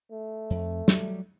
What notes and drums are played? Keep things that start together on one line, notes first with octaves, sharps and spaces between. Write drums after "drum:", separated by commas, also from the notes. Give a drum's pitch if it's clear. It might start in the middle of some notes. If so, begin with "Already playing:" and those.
A3
F2
F#3 G3, drum: snare